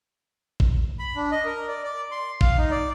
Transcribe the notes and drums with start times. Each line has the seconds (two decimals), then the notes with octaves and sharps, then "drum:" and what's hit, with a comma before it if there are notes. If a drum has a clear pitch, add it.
0.60 drum: kick A1
0.99 B5
1.16 D4
1.32 D#5
1.45 A#4
1.68 D5
1.83 D5
2.11 C6
2.41 F5, drum: kick A1
2.58 D#4
2.71 D5